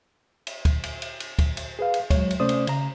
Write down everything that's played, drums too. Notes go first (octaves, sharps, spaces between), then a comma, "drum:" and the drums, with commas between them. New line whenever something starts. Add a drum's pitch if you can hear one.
drum: cymbal
drum: kick, cymbal
drum: cymbal
drum: cymbal
drum: cymbal
drum: kick, cymbal
drum: cymbal
G#4 B4 F5
drum: cymbal
F#3 G#3 C#5, drum: kick, cymbal
drum: cymbal
C3 A3 C#4 C5 D5 D#6
drum: cymbal
C#3 A#5, drum: cymbal